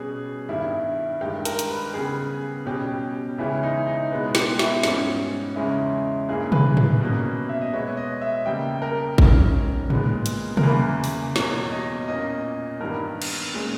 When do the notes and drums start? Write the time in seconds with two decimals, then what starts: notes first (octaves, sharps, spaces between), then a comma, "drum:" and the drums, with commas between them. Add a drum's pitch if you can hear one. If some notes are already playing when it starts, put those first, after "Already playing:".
Already playing: B2 G3 C#4 G#4
0.49 G2 D#3 G3 E4
1.21 G2 D#3 G#3 G4
1.45 A#4, drum: hi-hat
1.59 drum: hi-hat
1.69 B4
1.94 C#3 G3 B3 G#4
2.66 B2 G3 C#4 G4
3.38 C#3 E3 G#3 C#4 E4
3.63 D#4
3.87 D#4
4.11 B2 G#3 B3
4.35 G4, drum: snare
4.59 E4, drum: snare
4.83 G#2 G3 C#4, drum: snare
5.56 E2 C#3 G#3 C#4 E4
6.29 G2 E3 A#3 G#4
6.52 B4, drum: tom B2
6.77 B4, drum: tom G#2
7.01 B2 G3 A#3 C#4
7.49 E5
7.61 D#5
7.73 B2 G#3 B3 C#5
7.97 D#5
8.22 E5
8.45 C#3 G3 A#3 G5
8.82 A#4
9.18 G#2 G3 C#4, drum: kick A1
9.90 A#2 G#3 B3, drum: tom G#2
10.26 drum: hi-hat
10.57 A#4, drum: tom B2
10.63 E2 C#3 E3 A#3 B4
11.04 drum: open hi-hat
11.36 E2 B2 G3 A#3 C#5, drum: snare
11.72 D#5
12.08 A#2 A#3 C#4 D#5
12.80 G2 D#3 G3 B3 A#4
13.22 drum: cymbal
13.53 A#2 G#3 C#4